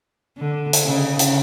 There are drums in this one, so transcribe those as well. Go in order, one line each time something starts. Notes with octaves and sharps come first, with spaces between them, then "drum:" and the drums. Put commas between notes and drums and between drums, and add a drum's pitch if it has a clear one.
D3
drum: hi-hat
C#3
drum: hi-hat